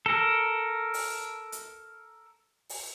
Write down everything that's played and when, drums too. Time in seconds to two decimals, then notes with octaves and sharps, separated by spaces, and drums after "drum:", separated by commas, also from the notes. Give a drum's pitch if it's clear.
0.06 A4 A#4
0.94 drum: open hi-hat
1.52 drum: hi-hat
2.69 drum: open hi-hat